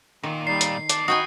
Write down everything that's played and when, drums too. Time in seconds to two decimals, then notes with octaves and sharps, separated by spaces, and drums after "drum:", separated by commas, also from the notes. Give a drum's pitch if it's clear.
0.23 A#2 D#3 F4
0.47 G3 D#4 D5 C7
0.61 drum: hi-hat
0.89 E2 D5 A5, drum: hi-hat
1.08 F#3 D#4 F#4 B4 D#5 G5 G#5 D#6